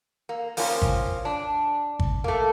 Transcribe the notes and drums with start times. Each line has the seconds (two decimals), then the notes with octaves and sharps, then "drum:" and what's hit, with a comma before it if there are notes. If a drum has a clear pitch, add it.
0.29 A#3
0.57 F3 A#3 C4 C#4 F4, drum: open hi-hat
0.82 drum: kick
1.25 D4
1.99 drum: kick
2.24 A3 A#3